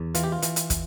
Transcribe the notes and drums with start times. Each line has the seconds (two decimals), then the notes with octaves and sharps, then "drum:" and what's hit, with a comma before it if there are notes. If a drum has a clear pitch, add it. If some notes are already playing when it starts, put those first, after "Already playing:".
Already playing: E2
0.15 E3 F4, drum: hi-hat
0.24 G4
0.32 F4
0.42 E3, drum: hi-hat
0.56 drum: hi-hat
0.70 drum: kick, hi-hat